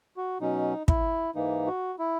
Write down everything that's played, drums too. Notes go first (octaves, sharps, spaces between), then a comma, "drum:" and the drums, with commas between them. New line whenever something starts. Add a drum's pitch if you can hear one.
F#4
B2 F#3 C#4 D#4
E4, drum: kick
G#2 E3 A#3 D#4
F#4
E4